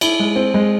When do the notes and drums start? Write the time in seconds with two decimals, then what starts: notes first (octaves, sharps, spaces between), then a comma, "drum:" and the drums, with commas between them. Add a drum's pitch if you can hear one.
0.01 E4, drum: cymbal
0.20 G#3
0.36 C4
0.54 G#3